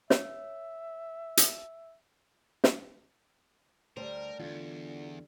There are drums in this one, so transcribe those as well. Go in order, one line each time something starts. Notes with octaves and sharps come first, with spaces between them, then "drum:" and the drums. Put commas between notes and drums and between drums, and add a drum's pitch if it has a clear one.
C#5 E5, drum: snare
drum: hi-hat
drum: snare
D2 G3 A#4 C5
E2 D3 F4